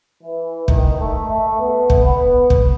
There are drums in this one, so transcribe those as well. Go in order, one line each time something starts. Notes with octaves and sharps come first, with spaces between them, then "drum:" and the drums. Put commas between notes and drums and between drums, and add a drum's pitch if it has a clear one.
E3
D#3, drum: kick
A3
A3
B3
drum: kick
B3
drum: kick